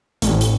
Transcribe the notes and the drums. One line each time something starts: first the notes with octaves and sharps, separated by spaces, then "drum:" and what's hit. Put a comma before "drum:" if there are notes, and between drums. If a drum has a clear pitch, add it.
A1, drum: hi-hat
drum: hi-hat